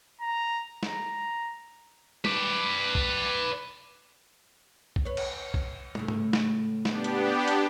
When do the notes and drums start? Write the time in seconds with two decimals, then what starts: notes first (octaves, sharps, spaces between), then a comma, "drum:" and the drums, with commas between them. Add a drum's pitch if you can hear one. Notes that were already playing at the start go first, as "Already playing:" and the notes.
0.21 A#5
0.83 A#5, drum: snare
2.25 B4 D5, drum: tom
2.95 drum: kick
4.96 drum: kick
5.05 B4 C#5
5.17 drum: cymbal
5.54 drum: kick
5.95 A2 C#3 A3, drum: tom
6.08 drum: tom G#2
6.33 drum: snare
6.85 B3 D4 G4, drum: snare
7.04 drum: hi-hat
7.48 drum: hi-hat